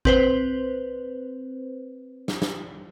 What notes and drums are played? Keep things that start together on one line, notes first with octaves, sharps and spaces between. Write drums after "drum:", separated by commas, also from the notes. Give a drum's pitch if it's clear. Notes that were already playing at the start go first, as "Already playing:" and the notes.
C4 B4 C5, drum: kick G#1
drum: snare
drum: snare